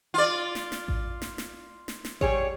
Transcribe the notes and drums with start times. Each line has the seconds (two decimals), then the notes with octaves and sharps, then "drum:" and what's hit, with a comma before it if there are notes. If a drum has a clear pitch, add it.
0.14 F4 D5
0.55 drum: snare
0.72 drum: snare
0.88 drum: kick A1
1.22 drum: snare
1.38 drum: snare
1.88 drum: snare
2.05 drum: snare
2.21 G3 G#4 C#5, drum: kick A1